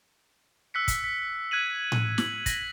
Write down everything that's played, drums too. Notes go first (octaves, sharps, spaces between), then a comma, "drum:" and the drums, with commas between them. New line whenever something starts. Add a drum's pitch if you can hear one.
E6 F#6 B6 C#7
drum: kick, hi-hat
B6
F#6 G#6 B6 D#7 F#7
drum: tom A2
F#7, drum: snare
A#6 B6, drum: kick, hi-hat